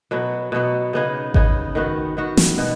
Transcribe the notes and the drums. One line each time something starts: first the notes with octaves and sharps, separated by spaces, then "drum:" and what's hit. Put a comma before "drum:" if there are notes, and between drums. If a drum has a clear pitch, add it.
B2 F#3 B3
B2 F#3 B3
C#3 B3 D#4 G#4
C#3 B3 D#4 G#4, drum: kick G#1
D#3 B3 F#4
D#3 B3 F#4
drum: snare
B2 B3